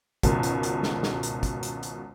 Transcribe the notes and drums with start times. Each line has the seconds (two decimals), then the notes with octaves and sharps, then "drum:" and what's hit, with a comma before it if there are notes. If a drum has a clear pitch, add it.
0.23 G#1 C#2 B2 A#4, drum: kick, hi-hat
0.43 drum: hi-hat
0.63 drum: hi-hat
0.83 drum: snare
1.03 drum: snare
1.23 drum: hi-hat
1.43 drum: kick, hi-hat
1.63 drum: hi-hat
1.83 drum: hi-hat